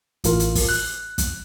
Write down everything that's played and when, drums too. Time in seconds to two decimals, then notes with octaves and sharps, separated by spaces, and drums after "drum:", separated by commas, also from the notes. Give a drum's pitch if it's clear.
0.24 A1 A2 F4 A#4, drum: hi-hat
0.40 drum: hi-hat
0.55 drum: kick, open hi-hat
0.69 F#6
1.18 drum: kick, hi-hat